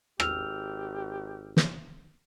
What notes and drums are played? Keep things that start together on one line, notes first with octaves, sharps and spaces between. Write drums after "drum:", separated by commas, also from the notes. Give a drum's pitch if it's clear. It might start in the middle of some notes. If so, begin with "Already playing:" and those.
G#1 G4 E6 F6 F7, drum: rim click
drum: snare